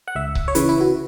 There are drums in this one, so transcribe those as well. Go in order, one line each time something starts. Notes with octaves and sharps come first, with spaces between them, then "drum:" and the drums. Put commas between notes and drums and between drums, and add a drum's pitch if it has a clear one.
F#5
C#2 E5
drum: kick C#1
C#5
C#3 E3 B4, drum: hi-hat
E4
F#4